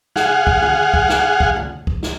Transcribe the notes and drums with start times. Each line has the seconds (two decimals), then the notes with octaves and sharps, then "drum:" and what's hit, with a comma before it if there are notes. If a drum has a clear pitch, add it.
0.16 G#4 F5 F#5, drum: snare
0.47 drum: kick
0.62 drum: tom
0.94 drum: kick
1.09 drum: snare
1.40 drum: kick
1.56 drum: tom
1.87 drum: kick
2.03 drum: snare